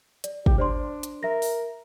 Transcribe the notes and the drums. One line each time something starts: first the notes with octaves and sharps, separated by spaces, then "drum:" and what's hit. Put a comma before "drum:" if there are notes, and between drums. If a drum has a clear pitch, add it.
D5, drum: hi-hat
G4, drum: kick
D4 C5 D5 C6
drum: hi-hat
A#4 E5 A#6
drum: open hi-hat